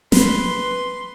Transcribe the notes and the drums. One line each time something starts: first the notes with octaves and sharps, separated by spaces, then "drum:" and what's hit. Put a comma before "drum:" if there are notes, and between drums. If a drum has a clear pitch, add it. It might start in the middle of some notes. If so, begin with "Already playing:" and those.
B4 C6, drum: snare